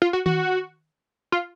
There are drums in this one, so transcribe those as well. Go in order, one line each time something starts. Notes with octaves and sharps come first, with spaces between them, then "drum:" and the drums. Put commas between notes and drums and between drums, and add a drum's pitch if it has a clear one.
F4
F#4
F#4, drum: tom D#3
F4